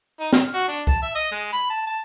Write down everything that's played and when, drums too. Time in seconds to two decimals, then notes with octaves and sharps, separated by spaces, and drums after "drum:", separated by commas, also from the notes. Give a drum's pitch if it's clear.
0.20 D#4
0.33 F6, drum: snare
0.53 F#4
0.68 D4
0.87 A5, drum: kick C2
1.02 E5
1.15 D#5
1.32 G#3
1.53 B5
1.70 A5
1.87 A5